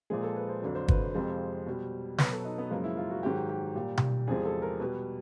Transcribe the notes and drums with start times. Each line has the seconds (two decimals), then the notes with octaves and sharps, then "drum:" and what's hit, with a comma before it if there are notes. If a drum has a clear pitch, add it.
0.10 A#2 F3 G#3 G#4
0.23 A4
0.36 B4
0.49 C5
0.62 F2 D3 F#3
0.75 C5
0.88 B4, drum: kick
1.14 F2 C3 F3 G#3 C5
1.66 B2 G3
2.18 B2 F#3 B4, drum: snare
2.32 A4
2.45 D#4
2.58 B3
2.71 F#2 C#3 F3 G#3 A#3
2.84 E4
2.97 F4
3.10 F#4
3.23 G#2 D#3 F#3 G4
3.49 G4
3.75 A#2 G3
3.97 drum: tom B2
4.27 E2 C3 F3 G#3 G#4
4.45 A4
4.62 A#4
4.80 B2 G3 B4